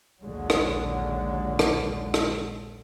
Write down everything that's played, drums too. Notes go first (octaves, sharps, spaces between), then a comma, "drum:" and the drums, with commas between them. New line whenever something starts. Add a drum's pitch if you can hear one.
A#1 D#2 A#2 D3 F#3 G#3
drum: rim click
drum: rim click
drum: rim click